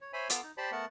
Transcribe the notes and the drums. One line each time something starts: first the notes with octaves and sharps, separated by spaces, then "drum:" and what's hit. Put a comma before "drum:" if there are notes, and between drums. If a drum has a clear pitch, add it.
C#5
C5 C#5 E5 G#5 B5
B3 F4 A4 D6 E6, drum: hi-hat
D#4
G4 C5 D5 A5 B5
A3 B3 A#4 F#5 A5